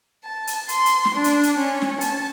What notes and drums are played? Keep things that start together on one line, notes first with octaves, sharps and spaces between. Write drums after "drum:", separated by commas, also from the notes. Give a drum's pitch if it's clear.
A5
drum: hi-hat
C6, drum: hi-hat
drum: hi-hat
drum: snare
D4
drum: hi-hat
drum: hi-hat
C#4
drum: snare
A5, drum: hi-hat